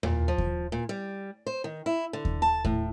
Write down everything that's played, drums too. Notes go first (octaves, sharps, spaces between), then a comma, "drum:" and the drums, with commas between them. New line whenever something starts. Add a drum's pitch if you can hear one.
A#2, drum: tom D#2
F3
drum: kick D#2
A#2
G3
C5
D#3
E4
D3
drum: kick D#2
A5
A2, drum: kick D#2